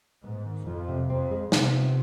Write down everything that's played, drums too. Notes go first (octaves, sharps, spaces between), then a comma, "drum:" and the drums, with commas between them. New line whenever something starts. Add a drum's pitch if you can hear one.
G#2 B3
D#3
F2 F3
C3
F2 C4
G#3
C3 B3, drum: snare
F3